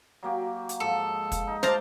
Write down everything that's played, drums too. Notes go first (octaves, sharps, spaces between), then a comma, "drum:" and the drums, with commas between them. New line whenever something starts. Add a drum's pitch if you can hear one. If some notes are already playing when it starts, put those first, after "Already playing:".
F#3 A#3 G4
drum: hi-hat
G#2 F3 A4
drum: kick, hi-hat
D#4
C5 E5 F5 A5 A#5 D6, drum: snare